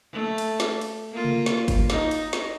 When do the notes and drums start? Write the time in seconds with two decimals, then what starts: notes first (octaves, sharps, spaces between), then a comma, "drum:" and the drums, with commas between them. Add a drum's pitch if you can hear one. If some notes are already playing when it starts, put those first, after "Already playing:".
0.12 A3
0.38 drum: cymbal
0.60 drum: snare
0.81 drum: cymbal
1.11 A#3 F4
1.25 drum: tom C3
1.46 drum: snare
1.68 drum: kick F#1, cymbal
1.90 D#4, drum: snare
2.11 drum: cymbal
2.33 drum: snare